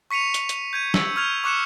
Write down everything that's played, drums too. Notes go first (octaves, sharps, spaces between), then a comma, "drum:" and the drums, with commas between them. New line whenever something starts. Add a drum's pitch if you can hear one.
C#6 B6 C#7 D#7 F7
drum: hi-hat
drum: hi-hat
G6 G#6 D#7
E6, drum: snare
C#6 F6 G#6 F7
C#6 D6 F#6 C#7 E7